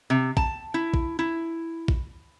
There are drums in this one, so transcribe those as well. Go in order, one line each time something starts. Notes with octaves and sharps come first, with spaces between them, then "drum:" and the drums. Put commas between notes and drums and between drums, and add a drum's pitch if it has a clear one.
C3
A5, drum: kick
E4
drum: kick
E4
drum: kick